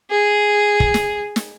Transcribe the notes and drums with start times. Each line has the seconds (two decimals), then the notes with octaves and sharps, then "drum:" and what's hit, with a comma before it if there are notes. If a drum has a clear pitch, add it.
0.10 G#4
0.80 drum: kick
0.94 drum: snare
1.36 drum: snare